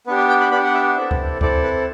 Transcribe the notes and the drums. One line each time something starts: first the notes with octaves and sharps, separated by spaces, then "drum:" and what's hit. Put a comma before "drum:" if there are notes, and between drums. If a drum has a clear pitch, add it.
B3 D4 G4 B4
B4
G5
B5
B3 D4 G4 B5
F#5
E5
C4 E4 A4 E5
drum: kick C#2
C4 E4 A4 D5, drum: kick C#2
B4